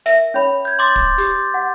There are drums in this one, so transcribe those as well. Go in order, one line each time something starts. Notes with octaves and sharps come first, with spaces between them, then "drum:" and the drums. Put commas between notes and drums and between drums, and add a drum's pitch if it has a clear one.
A#4 E5, drum: snare
C#4 C#5 B5
G6 G#6
C6 D6 A6
drum: kick
G4, drum: hi-hat
F#5